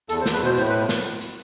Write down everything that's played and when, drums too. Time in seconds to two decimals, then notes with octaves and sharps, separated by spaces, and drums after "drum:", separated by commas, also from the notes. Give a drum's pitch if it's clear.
0.09 E2 A4, drum: hi-hat
0.21 C5
0.26 E2, drum: snare
0.33 B4
0.42 B2 C5
0.58 A2 C5, drum: hi-hat
0.69 B4
0.89 drum: snare
1.05 drum: hi-hat
1.21 drum: hi-hat